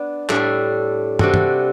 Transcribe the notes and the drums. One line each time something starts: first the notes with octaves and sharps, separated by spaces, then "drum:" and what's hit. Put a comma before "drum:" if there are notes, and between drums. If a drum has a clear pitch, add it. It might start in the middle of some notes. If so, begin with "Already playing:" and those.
Already playing: B3 D4 D5
A2 G3 D4 A4 E5, drum: clap
C3 G3 D4 F#4 A4, drum: tom
drum: tom